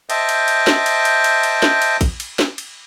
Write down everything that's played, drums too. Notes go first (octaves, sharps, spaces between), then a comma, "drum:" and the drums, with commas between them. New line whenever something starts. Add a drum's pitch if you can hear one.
C5 D#5 E5 G5 A5, drum: cymbal
drum: cymbal
drum: cymbal
drum: snare
drum: cymbal
drum: cymbal
drum: cymbal
drum: cymbal
drum: snare
drum: cymbal
drum: kick A1, cymbal
drum: cymbal
drum: snare
drum: cymbal